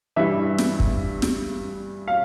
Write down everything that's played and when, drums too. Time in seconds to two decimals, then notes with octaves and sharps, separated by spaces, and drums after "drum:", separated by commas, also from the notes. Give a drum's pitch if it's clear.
0.16 G2 E3 G3 E5
0.59 drum: snare
0.80 drum: kick
1.22 drum: snare
2.08 F5